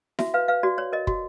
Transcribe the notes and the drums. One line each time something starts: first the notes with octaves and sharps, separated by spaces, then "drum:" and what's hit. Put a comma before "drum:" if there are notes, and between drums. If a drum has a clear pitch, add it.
F#4 E5, drum: snare E4
B4 F5
B4 F5
F#4 D5
C#5 D5
A#4 D#5
F#4, drum: kick